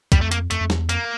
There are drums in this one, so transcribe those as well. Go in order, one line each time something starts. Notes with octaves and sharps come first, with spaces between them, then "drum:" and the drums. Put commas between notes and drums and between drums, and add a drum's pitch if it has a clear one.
F2 G3, drum: kick, hi-hat
A3
A#3, drum: hi-hat
F2 A3, drum: hi-hat
F2
E2, drum: snare
F2 A#3, drum: hi-hat